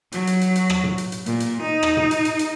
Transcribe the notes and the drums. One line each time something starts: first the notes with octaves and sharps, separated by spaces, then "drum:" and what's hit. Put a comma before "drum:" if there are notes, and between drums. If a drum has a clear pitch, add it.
F#3, drum: hi-hat
drum: hi-hat
drum: hi-hat
drum: hi-hat
drum: rim click
drum: tom
drum: hi-hat
drum: hi-hat
A#2, drum: hi-hat
drum: hi-hat
D#4
drum: rim click
drum: tom
drum: hi-hat
drum: hi-hat
drum: hi-hat